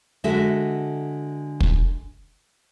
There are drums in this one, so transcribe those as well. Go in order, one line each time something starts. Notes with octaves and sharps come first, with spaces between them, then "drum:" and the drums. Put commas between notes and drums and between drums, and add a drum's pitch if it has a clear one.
D3 G#3 F#4 A4 E5
drum: kick